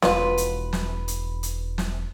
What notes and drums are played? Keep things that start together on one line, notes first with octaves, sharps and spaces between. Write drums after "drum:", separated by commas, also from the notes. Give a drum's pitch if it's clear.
E1 F3 F4 B4, drum: snare
drum: hi-hat
drum: snare
drum: hi-hat
drum: hi-hat
drum: snare